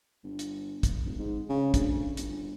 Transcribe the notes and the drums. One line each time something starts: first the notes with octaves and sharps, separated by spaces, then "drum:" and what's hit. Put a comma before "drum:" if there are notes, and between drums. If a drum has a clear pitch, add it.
G1
drum: hi-hat
drum: kick, hi-hat
F1
G#2
C#3
D2, drum: kick, hi-hat
G1, drum: hi-hat